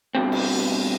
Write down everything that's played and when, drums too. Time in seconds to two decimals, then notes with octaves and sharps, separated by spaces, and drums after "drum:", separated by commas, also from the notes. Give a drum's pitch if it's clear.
0.15 G2 B2 C4
0.32 drum: cymbal